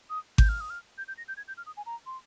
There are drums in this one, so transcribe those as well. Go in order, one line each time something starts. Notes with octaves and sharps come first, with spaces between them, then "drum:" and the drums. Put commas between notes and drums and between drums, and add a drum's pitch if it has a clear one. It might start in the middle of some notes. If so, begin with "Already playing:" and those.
D#6
G6, drum: kick G#1
F6
D#6
F6
G6
G6
A#6
G6
G#6
G6
F6
D#6
G#5
A#5
C6